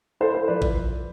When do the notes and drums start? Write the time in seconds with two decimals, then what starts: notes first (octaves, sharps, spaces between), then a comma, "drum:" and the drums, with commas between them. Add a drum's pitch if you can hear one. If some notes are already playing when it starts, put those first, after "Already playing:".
0.20 E4 A4 C5
0.34 A4 C5
0.48 F3 B4 D5
0.62 drum: kick A1